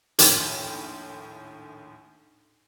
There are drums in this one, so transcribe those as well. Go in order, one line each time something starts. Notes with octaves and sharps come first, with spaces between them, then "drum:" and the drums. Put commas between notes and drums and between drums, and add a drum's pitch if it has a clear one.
A#1 D#2 A2 G5 B5, drum: hi-hat